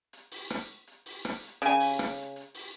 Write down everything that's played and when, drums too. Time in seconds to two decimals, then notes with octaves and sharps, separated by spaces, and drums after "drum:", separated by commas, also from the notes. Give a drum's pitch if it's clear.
0.13 drum: hi-hat
0.32 drum: open hi-hat
0.50 drum: rim click
0.87 drum: hi-hat
1.06 drum: open hi-hat
1.25 drum: rim click
1.43 drum: hi-hat
1.62 C#3 G#5, drum: hi-hat
1.80 drum: open hi-hat
1.99 drum: rim click
2.17 drum: hi-hat
2.36 drum: hi-hat
2.55 drum: open hi-hat